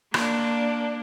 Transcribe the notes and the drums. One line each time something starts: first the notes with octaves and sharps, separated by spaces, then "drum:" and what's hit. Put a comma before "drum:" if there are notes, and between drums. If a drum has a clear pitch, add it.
A#3 D4, drum: rim click